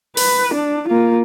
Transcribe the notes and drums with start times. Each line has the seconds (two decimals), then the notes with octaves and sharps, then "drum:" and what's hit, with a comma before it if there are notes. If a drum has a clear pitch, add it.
0.17 B4, drum: open hi-hat
0.54 D4
0.88 A#3 F4